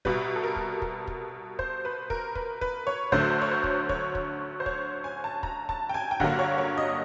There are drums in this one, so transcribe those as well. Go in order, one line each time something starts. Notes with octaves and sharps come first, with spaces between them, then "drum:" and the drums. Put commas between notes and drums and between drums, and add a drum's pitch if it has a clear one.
C2 B2 G3 B4, drum: kick
A4
A#4
drum: kick
drum: kick
drum: kick
C5, drum: kick
B4
A#4, drum: kick
B4, drum: kick
B4, drum: kick
C#5
D2 D3 F#3 A3 C5, drum: kick
C#5
C5
drum: kick
C#5, drum: kick
drum: kick
C5
C#5, drum: kick
G#5
A5
A#5, drum: kick
A5, drum: kick
G5
G#5
G5
G2 D3 F#3 A#3 F#5, drum: kick
C#5
C#5
D#5